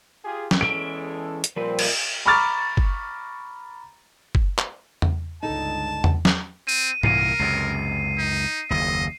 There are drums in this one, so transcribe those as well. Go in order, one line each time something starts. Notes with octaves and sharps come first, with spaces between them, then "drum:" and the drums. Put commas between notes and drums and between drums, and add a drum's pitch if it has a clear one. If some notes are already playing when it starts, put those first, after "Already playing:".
F4 G4 G#4
drum: snare
E2 E3 G#3 C#4 A4 E5 D7
drum: hi-hat
A#2 F3 G3 C4 B4
drum: cymbal
A#5 B5 C#6 D6 F6 A6
drum: kick F#1
drum: kick F#1
drum: clap
drum: tom E2
G1 C#2 D3 D#4 A4 A5
drum: tom E2
drum: snare
C4 D#7
C2 A#2 E3 A#4 C7 D#7, drum: tom G#2
C#2 F#2 C3 C7
D#4
F#1 D#2 D#5